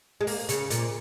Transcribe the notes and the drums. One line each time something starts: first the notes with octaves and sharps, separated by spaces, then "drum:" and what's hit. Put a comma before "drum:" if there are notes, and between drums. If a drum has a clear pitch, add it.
G#3
A#3, drum: open hi-hat
C#3, drum: hi-hat
A#2, drum: hi-hat